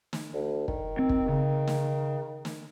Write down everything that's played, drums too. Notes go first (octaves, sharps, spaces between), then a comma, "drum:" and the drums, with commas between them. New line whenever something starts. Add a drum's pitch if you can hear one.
drum: snare
D2
D#3, drum: kick
C4
drum: kick
C#3
drum: snare
drum: snare